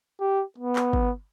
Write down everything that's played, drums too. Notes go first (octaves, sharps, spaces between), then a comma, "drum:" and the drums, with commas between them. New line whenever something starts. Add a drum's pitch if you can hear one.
G4
B3
drum: clap
drum: kick